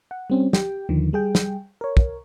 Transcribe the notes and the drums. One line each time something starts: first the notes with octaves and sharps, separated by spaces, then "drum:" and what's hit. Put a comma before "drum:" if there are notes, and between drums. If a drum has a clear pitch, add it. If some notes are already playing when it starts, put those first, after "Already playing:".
F#5
G3 C4 C#4
G4 G5, drum: snare
D#2 D3 D#3 F3
G3 G#4 G5
drum: snare
A#4 C#5
drum: kick